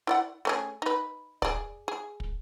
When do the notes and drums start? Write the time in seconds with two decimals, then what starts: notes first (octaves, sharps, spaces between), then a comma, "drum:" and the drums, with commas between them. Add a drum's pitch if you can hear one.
0.07 E4 D5 F#5
0.45 A3 C#4 G#4
0.82 D#4 B4
1.42 G#4 D5, drum: kick
1.88 G#4
2.20 drum: kick